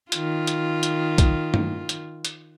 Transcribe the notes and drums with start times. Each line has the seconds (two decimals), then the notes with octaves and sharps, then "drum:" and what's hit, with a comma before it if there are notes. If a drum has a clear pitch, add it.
0.12 D#3 F4, drum: hi-hat
0.47 drum: hi-hat
0.83 drum: hi-hat
1.18 drum: kick B1, hi-hat
1.54 drum: tom
1.89 drum: hi-hat
2.25 drum: hi-hat